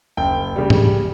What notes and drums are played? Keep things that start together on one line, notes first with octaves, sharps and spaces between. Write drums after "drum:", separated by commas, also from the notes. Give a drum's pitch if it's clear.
F#1 G5
C#3 G3
drum: tom G#2